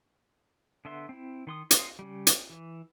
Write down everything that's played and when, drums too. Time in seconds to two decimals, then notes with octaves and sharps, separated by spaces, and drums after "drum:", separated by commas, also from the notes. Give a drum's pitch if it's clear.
0.85 D3 B3 E5 C6
1.09 C4 E4
1.47 D#3 C6 D#6
1.71 D#4 D#5 F5 C6 D#6, drum: hi-hat
1.99 C#3 G3
2.27 drum: hi-hat
2.50 E3